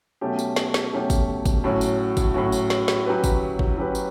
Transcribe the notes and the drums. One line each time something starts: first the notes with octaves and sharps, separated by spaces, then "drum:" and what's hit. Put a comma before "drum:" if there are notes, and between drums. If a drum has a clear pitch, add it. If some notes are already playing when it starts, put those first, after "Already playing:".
B2 F#3 A3 C#4 G4
drum: tambourine
drum: snare
drum: snare
B2 F#3 A3 C#4 G4
drum: kick, tambourine
drum: kick, tambourine
A2 F#3 C#4 F#4
drum: tambourine
drum: kick, tambourine
A2 F#3 C#4 F#4
drum: tambourine
drum: snare
drum: snare
F#3 C#4 G4 B4
drum: kick, tambourine
drum: kick
F#3 C#4 G4 B4
drum: tambourine